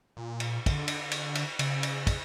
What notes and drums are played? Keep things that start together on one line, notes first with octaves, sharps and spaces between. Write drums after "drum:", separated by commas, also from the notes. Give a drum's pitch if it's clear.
A#2
drum: cymbal
D3, drum: kick, cymbal
drum: cymbal
drum: cymbal
drum: cymbal
C#3, drum: cymbal
drum: cymbal
drum: kick, cymbal